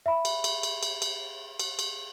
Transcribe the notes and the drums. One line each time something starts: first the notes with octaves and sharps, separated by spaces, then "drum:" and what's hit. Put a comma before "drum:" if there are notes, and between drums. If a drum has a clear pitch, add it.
E5 B5
drum: cymbal
drum: cymbal
drum: cymbal
drum: cymbal
drum: cymbal
drum: cymbal
drum: cymbal